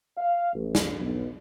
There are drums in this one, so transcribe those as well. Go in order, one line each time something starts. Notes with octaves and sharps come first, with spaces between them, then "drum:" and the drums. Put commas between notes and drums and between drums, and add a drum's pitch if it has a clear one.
F5
A1
drum: snare
B1